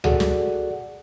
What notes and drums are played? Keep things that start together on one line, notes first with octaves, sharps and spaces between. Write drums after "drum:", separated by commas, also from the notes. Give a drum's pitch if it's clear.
F#4 G#4 A4 D5 F#5, drum: tom C#2
drum: snare